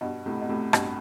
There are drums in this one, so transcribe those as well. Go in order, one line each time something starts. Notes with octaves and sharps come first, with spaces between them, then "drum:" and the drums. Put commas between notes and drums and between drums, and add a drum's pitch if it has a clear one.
G2 B2
A2 C3
B2
A2 C3
G2 B2, drum: rim click